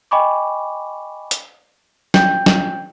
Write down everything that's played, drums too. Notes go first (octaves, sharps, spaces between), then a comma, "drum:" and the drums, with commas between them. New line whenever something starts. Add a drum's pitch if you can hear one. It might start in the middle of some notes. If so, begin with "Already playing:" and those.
D#5 G5 G#5 B5 C#6 D6
drum: hi-hat
G5 G6, drum: snare
drum: snare